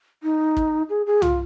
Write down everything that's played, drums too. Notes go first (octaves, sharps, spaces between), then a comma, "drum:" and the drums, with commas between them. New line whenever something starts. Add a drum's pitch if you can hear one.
D#4
drum: kick
G#4
G#4
F4, drum: tom C2